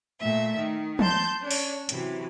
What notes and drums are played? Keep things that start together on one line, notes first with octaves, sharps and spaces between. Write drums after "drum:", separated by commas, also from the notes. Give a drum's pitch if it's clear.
A#2 A3 E5
D#3
A5 C6 G6, drum: tom
C#4 D4
drum: open hi-hat
C3 E3 F#3, drum: hi-hat